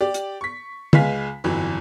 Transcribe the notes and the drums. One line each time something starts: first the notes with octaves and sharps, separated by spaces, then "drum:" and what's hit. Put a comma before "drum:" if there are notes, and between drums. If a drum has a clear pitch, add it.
G4 D5
drum: hi-hat
C#6 B6
C#2 G#3 B4 F5 G#5 B6, drum: tom
G1 F2 E3 F#3